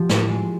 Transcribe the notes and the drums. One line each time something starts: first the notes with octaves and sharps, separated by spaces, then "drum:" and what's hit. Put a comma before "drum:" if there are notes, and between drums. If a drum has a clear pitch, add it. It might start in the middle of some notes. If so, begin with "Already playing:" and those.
Already playing: F3 G4
A2, drum: snare
G#3